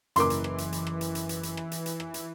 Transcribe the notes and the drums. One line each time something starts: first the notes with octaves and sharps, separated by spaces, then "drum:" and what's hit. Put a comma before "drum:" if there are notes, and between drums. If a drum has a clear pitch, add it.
F#1 E3 A#4 C6 D6, drum: hi-hat
drum: hi-hat
drum: rim click
drum: hi-hat
drum: hi-hat
drum: rim click
drum: hi-hat
drum: hi-hat
drum: hi-hat
drum: hi-hat
drum: rim click
drum: hi-hat
drum: hi-hat
drum: rim click
drum: hi-hat